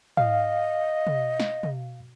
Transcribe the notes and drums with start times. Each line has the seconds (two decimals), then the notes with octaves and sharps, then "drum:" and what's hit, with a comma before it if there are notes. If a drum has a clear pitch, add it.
0.17 D#5 F5, drum: tom
1.07 drum: tom
1.40 drum: snare
1.63 drum: tom